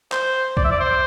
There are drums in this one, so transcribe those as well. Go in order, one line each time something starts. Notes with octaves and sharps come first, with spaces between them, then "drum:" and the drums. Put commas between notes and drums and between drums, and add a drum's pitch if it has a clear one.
C5, drum: clap
D5, drum: kick B1
E5
D5
C5